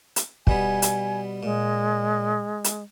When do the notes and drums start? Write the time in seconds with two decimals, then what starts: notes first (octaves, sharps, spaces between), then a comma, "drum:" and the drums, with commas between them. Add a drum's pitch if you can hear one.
0.16 drum: hi-hat
0.47 B2 G3 B3 G#5, drum: kick
0.82 drum: hi-hat
1.43 A#2 G#3
2.64 drum: hi-hat